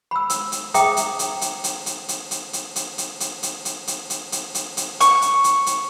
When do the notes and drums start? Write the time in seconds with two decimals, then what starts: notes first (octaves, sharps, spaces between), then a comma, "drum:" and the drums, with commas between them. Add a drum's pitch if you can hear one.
0.11 B5 E6
0.30 drum: hi-hat
0.52 drum: hi-hat
0.74 G#4 E5 G5 A#5 D#6, drum: hi-hat
0.97 drum: hi-hat
1.19 drum: hi-hat
1.41 drum: hi-hat
1.64 drum: hi-hat
1.86 drum: hi-hat
2.09 drum: hi-hat
2.31 drum: hi-hat
2.53 drum: hi-hat
2.76 drum: hi-hat
2.98 drum: hi-hat
3.20 drum: hi-hat
3.43 drum: hi-hat
3.65 drum: hi-hat
3.88 drum: hi-hat
4.10 drum: hi-hat
4.32 drum: hi-hat
4.55 drum: hi-hat
4.77 drum: hi-hat
5.01 C#6, drum: hi-hat
5.22 drum: hi-hat
5.44 drum: hi-hat
5.66 drum: hi-hat